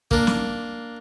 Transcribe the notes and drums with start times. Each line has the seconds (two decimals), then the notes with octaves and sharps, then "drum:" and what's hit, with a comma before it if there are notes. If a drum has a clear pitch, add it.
0.11 A#3 D4, drum: kick
0.27 drum: snare